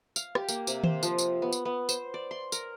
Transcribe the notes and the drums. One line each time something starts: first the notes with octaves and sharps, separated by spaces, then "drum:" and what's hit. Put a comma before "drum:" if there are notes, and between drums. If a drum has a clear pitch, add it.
F5, drum: tambourine
G4, drum: rim click
A#3, drum: tambourine
C3, drum: tambourine
C5, drum: tom D#3
F3, drum: tambourine
drum: tambourine
B3
drum: tambourine
B3
C5, drum: tambourine
D5
C6
A#4, drum: tambourine